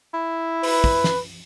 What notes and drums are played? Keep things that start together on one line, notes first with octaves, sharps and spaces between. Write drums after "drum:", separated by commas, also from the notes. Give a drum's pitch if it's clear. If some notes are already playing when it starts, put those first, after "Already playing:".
E4
B4, drum: open hi-hat
drum: kick
drum: snare